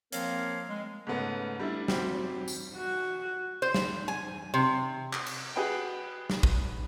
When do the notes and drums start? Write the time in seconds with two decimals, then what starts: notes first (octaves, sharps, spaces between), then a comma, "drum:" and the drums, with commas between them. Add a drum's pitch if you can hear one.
0.12 F3 A#3 C4 A#4 C#5 F5, drum: hi-hat
0.69 G#3
1.07 G#2 C#3 A3 B3 C#4
1.60 G3 A3 D4 E4
1.88 F#3 G3 C4 G4, drum: snare
2.48 drum: tambourine
2.77 F#4
3.62 C5
3.74 drum: snare
4.08 G#5
4.54 C3
5.13 drum: clap
5.26 drum: cymbal
5.56 F#4 G#4 B4 F#5 G5
6.30 drum: snare
6.43 drum: kick